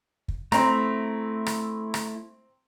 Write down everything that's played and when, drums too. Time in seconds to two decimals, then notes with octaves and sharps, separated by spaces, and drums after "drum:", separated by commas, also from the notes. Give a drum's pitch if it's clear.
0.28 drum: kick
0.52 A3 C4 E4 A#5, drum: rim click
1.46 drum: rim click
1.94 drum: rim click